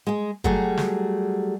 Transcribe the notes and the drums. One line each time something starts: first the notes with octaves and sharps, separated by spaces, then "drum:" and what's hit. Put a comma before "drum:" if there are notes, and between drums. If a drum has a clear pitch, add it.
G#3 G#4
F#3 G3 A3 G#4, drum: kick
drum: snare